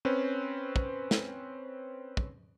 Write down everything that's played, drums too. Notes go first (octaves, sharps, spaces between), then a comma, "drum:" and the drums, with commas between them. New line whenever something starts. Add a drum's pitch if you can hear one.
C4 C#4 B4
drum: kick
drum: snare
drum: kick